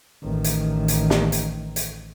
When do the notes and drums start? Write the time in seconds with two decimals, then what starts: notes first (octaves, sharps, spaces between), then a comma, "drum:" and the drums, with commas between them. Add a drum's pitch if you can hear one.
0.22 A1 D#3
0.44 drum: hi-hat
0.88 drum: hi-hat
1.10 drum: snare
1.32 drum: hi-hat
1.76 drum: hi-hat